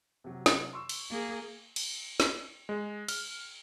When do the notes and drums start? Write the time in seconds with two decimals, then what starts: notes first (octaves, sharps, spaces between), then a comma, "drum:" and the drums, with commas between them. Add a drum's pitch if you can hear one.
0.24 C3 F#3
0.46 drum: snare
0.73 C6 C#6 E6
0.89 drum: cymbal
1.10 A#3 G#4
1.76 drum: cymbal
2.20 drum: snare
2.69 G#3
3.08 F6, drum: cymbal